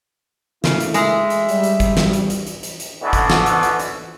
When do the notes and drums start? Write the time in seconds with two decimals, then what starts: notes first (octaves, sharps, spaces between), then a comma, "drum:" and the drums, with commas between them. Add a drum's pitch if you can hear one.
0.64 C#3 A3 A#3 E4, drum: snare
0.80 drum: hi-hat
0.94 G#3 G#4 E5, drum: hi-hat
1.30 drum: hi-hat
1.49 G3, drum: hi-hat
1.63 drum: hi-hat
1.80 drum: kick G#1, hi-hat
1.97 drum: snare
2.13 drum: hi-hat
2.30 drum: hi-hat
2.47 drum: hi-hat
2.63 drum: hi-hat
2.80 drum: hi-hat
3.02 B2 D3 E3
3.13 drum: kick G#1, hi-hat
3.30 drum: snare
3.46 drum: hi-hat
3.63 drum: hi-hat
3.79 drum: hi-hat